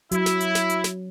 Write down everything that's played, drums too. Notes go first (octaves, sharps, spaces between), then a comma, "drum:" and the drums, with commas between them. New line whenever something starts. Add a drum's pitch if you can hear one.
F#3 E4, drum: hi-hat
drum: snare
drum: hi-hat
drum: snare
drum: hi-hat
drum: snare